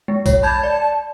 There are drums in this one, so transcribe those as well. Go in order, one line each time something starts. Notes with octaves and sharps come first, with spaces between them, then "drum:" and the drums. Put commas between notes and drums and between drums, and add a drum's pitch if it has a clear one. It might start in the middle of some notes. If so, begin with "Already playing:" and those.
G#3
C#5, drum: kick, tambourine
A5 B5 G6 G#6
D5